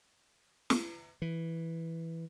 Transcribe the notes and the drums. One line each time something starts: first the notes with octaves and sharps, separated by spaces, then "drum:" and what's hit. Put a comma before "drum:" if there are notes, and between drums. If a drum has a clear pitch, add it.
drum: snare
E3